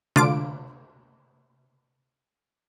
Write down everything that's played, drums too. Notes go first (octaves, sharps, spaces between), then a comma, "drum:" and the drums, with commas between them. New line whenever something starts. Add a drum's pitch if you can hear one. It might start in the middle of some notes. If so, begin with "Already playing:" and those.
D3 F4 D6 D7, drum: tom